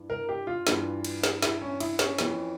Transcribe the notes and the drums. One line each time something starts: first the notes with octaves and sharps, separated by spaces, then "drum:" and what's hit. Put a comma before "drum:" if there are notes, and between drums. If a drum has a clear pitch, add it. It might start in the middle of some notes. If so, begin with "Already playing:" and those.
Already playing: G2 E3
A#4
G4
F4
G2 E3, drum: snare
drum: cymbal
drum: snare
E4, drum: snare
C#4
E4, drum: cymbal
C#4, drum: snare
F2 E3, drum: snare